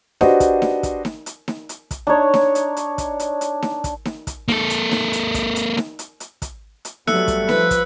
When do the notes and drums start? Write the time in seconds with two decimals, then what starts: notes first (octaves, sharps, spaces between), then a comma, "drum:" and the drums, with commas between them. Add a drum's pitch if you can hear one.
0.21 D4 F#4 G4 B4 C5 D#5, drum: snare D#4
0.40 drum: kick, hi-hat
0.62 drum: snare D#4
0.83 drum: kick, hi-hat
1.05 drum: snare D#4
1.26 drum: hi-hat
1.48 drum: snare D#4
1.69 drum: hi-hat
1.91 drum: kick, hi-hat
2.07 D4 D#4 C#5
2.34 drum: snare D#4
2.55 drum: hi-hat
2.77 drum: hi-hat
2.98 drum: kick, hi-hat
3.20 drum: hi-hat
3.41 drum: hi-hat
3.62 drum: snare D#4
3.84 drum: kick, hi-hat
4.05 drum: snare D#4
4.27 drum: kick, hi-hat
4.48 A#3 A4, drum: snare D#4
4.70 drum: hi-hat
4.91 drum: snare D#4
5.13 drum: hi-hat
5.34 drum: kick, hi-hat
5.56 drum: hi-hat
5.77 drum: snare D#4
5.99 drum: hi-hat
6.20 drum: hi-hat
6.42 drum: kick, hi-hat
6.85 drum: hi-hat
7.07 F#3 G3 A3 B3 E6 F#6 C#7, drum: snare D#4
7.28 drum: kick, hi-hat
7.49 F3 B4, drum: snare D#4
7.71 drum: kick, hi-hat